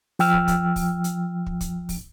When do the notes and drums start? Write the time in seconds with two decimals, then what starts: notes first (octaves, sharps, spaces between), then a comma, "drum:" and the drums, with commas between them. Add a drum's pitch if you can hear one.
0.19 F3 G5 E6 F6, drum: open hi-hat
0.33 drum: kick
0.48 drum: kick, hi-hat
0.76 drum: kick, open hi-hat
1.04 drum: hi-hat
1.46 drum: kick
1.61 drum: kick, hi-hat
1.89 drum: kick, open hi-hat